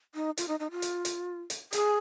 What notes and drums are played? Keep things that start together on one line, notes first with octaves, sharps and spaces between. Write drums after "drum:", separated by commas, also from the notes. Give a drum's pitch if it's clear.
D#4
F4, drum: hi-hat
D#4
D#4
F4
drum: hi-hat
drum: hi-hat
drum: hi-hat
G#4, drum: hi-hat